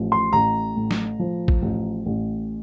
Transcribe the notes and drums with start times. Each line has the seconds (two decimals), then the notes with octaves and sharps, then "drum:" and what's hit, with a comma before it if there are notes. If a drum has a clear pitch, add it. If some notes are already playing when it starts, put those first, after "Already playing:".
Already playing: A1 F3
0.12 C6
0.33 A1 A#5
0.76 A2
0.91 drum: snare
1.19 F3
1.48 drum: kick
1.62 A1
2.06 A1